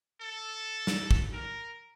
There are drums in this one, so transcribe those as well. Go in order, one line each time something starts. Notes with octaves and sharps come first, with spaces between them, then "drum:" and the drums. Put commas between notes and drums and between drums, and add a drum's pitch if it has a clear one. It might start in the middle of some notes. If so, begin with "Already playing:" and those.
A4
drum: snare
drum: kick
A#4